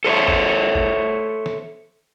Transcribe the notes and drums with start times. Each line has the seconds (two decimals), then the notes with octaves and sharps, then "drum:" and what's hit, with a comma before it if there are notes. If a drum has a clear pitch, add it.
0.04 A4 C5 C#5 E5
0.28 drum: kick G1
0.75 drum: kick G1
1.46 drum: snare